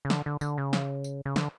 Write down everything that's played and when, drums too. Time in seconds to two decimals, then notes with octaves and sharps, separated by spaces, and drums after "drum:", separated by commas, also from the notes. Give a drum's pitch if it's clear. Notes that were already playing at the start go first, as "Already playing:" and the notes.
0.05 C#3
0.10 D3, drum: snare
0.26 D3
0.41 D3, drum: tambourine
0.58 C#3
0.73 drum: snare
1.04 drum: tambourine
1.25 C#3
1.36 D3, drum: snare